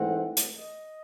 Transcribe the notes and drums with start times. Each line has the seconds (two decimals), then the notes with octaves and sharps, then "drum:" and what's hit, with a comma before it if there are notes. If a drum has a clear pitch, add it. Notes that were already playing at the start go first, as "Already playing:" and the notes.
Already playing: G#2 E3 A3 C4 F#5
0.37 drum: hi-hat
0.55 D#5